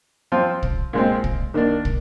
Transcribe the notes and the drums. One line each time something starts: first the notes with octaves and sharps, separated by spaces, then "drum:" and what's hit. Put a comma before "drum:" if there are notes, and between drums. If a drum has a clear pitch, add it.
F3 C4 F4
drum: kick
A#2 G#3 C4
drum: kick
D#3 A#3 D4
drum: kick